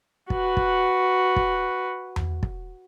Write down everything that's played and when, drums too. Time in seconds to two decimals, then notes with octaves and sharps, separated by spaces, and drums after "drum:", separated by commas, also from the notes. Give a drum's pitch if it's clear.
0.30 F#4 B4, drum: kick
0.57 drum: kick
1.36 drum: kick
2.16 drum: tom E2
2.43 drum: kick